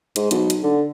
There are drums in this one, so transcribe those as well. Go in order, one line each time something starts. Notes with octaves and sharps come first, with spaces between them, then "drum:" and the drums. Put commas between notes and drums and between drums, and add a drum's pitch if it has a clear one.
G#2, drum: hi-hat
B1, drum: hi-hat
drum: hi-hat
D3